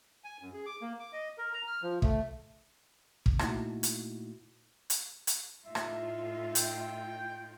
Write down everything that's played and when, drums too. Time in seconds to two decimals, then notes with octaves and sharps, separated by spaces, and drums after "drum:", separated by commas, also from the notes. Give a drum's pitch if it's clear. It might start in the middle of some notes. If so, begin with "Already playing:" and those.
0.24 G#5
0.42 F#2
0.54 G#4
0.66 D6
0.82 A#3
1.00 D6
1.13 D#5
1.38 A#4
1.54 A#5
1.67 F6
1.82 F3
2.02 A3, drum: kick
3.26 drum: kick
3.39 A#2 A3 A#3 D#4 E4 F#4, drum: rim click
3.83 drum: hi-hat
4.90 drum: hi-hat
5.27 drum: hi-hat
5.64 A2 D#4 F4 E5
5.75 drum: rim click
6.55 G5, drum: hi-hat